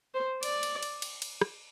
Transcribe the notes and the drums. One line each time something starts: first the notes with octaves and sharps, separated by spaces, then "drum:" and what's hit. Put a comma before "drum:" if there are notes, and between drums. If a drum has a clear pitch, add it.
C5
D5, drum: cymbal
drum: cymbal
drum: cymbal
drum: cymbal
drum: cymbal
drum: rim click